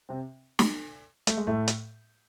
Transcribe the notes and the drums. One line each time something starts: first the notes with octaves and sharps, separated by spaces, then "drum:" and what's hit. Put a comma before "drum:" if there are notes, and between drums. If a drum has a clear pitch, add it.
C3 C4
drum: snare
A3, drum: hi-hat
G#3
A2 A3
drum: hi-hat